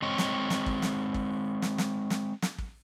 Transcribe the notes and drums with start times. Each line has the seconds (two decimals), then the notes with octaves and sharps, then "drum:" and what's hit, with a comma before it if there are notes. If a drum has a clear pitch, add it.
0.02 G#3 C4 C#5 D#5
0.18 drum: snare
0.50 drum: snare
0.66 drum: kick
0.82 drum: snare
1.14 drum: kick
1.62 drum: snare
1.78 drum: snare
2.10 drum: snare
2.42 drum: snare
2.58 drum: kick